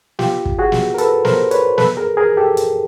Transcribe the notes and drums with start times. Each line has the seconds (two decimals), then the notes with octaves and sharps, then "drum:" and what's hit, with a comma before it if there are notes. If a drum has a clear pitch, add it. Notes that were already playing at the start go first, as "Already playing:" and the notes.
0.19 F4 G4, drum: snare
0.45 drum: kick
0.59 F#4 G#4
0.72 drum: snare
0.94 A#4
0.98 A4 B4, drum: hi-hat
1.25 A#4 C5, drum: snare
1.51 B4 C#5, drum: hi-hat
1.78 A4 B4, drum: snare
1.97 G#4 A#4
2.17 G#4 A#4
2.37 G4 A4
2.57 drum: hi-hat